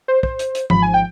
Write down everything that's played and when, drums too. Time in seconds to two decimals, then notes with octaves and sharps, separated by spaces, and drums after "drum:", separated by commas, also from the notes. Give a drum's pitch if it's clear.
0.08 C5
0.23 C5, drum: kick
0.39 drum: hi-hat
0.55 drum: hi-hat
0.70 G#1 G#2 F3 B5, drum: tom E3
0.82 G#5
0.94 G5